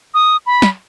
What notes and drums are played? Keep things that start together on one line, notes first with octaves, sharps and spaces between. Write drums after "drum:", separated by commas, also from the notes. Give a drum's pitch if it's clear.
D#6
B5
drum: snare